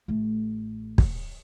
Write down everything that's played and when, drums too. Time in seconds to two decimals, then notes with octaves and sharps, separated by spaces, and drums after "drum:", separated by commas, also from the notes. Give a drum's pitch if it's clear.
0.08 A1 A3
0.98 drum: kick